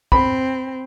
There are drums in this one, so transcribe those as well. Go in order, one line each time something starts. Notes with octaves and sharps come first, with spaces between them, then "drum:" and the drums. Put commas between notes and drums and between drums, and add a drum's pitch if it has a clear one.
C4 B5, drum: kick